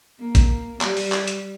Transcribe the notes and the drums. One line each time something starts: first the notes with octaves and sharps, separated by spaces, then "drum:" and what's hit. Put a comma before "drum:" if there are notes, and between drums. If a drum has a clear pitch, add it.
A#3
drum: kick, hi-hat
G3, drum: clap
drum: open hi-hat
drum: clap
drum: hi-hat